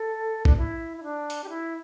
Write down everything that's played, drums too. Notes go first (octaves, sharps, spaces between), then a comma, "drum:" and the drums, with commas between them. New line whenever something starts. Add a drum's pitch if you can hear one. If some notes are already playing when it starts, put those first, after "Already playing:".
Already playing: A4
D4, drum: kick A#1
E4
E4
D4
drum: open hi-hat
G4
E4